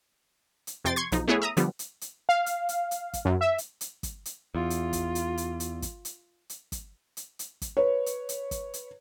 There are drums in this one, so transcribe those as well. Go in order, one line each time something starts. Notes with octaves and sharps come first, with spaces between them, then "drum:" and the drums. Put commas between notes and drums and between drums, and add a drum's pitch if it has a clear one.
drum: hi-hat
F2 C3 G5 C6 A6
C6 C#6 G#6
B1 F3 D#4, drum: hi-hat
A3 B3 E4 G#4 C#5
E5 A#5 D#6
D3 F3 G3 B3, drum: hi-hat
drum: hi-hat
drum: hi-hat
F5
drum: hi-hat
drum: hi-hat
drum: hi-hat
drum: kick, hi-hat
F#2
E5
drum: hi-hat
drum: hi-hat
drum: kick, hi-hat
drum: hi-hat
E2 F4
drum: hi-hat
drum: kick, hi-hat
drum: hi-hat
drum: hi-hat
drum: hi-hat
drum: kick, hi-hat
drum: hi-hat
drum: hi-hat
drum: kick, hi-hat
drum: hi-hat
drum: hi-hat
drum: kick, hi-hat
B4 C#5
drum: hi-hat
drum: hi-hat
drum: kick, hi-hat
drum: hi-hat